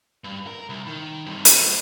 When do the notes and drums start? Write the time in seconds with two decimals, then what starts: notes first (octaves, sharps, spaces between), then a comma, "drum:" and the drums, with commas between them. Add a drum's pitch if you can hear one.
0.24 G2
0.47 A#4
0.69 C2
0.87 D#3
1.26 G2 C3
1.45 C5 D#5, drum: hi-hat